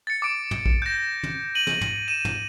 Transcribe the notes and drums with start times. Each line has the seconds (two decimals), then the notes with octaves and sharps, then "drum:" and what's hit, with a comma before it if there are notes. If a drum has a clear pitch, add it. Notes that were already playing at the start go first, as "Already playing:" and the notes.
0.07 A6 C#7
0.22 D6 D7
0.51 drum: tom
0.66 drum: kick
0.82 G6 A#6
1.23 drum: tom
1.55 D#7 F#7
1.67 drum: snare
1.81 drum: tom
2.08 D#7 E7
2.25 drum: tom